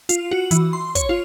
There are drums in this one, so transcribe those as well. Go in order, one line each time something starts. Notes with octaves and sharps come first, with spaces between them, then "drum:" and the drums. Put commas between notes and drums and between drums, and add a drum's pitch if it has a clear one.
F4, drum: hi-hat
F#4
E3, drum: hi-hat
C6
C#5, drum: kick, hi-hat
F4